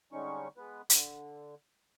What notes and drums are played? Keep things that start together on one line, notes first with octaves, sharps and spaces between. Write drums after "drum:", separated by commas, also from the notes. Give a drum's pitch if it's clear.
D3 G3 G#3 C#4 D#4 C#6
G#3 B3 B4
D3, drum: hi-hat